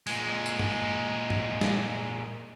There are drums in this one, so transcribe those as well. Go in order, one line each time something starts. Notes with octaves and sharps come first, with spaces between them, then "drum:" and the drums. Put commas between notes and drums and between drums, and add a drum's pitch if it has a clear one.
A#2 G#3, drum: open hi-hat
drum: tambourine
drum: tom G2
drum: tom G2
drum: snare